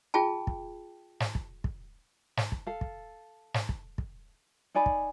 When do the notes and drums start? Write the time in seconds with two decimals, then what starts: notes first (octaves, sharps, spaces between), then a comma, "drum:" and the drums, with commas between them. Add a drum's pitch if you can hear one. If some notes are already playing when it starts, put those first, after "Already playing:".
0.14 F4 G#4 G5 A5
0.47 drum: kick
1.20 drum: snare
1.35 drum: kick
1.64 drum: kick
2.37 drum: snare
2.52 drum: kick
2.67 A4 F5
2.81 drum: kick
3.54 drum: snare
3.69 drum: kick
3.98 drum: kick
4.75 D#4 D5 G#5 B5
4.86 drum: kick